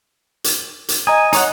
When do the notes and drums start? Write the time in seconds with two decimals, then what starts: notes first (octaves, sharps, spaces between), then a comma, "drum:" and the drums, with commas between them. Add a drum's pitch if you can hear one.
0.44 drum: hi-hat
0.88 drum: hi-hat
1.07 D#5 G#5 A#5 D#6
1.33 D#4 C#5 F#5, drum: hi-hat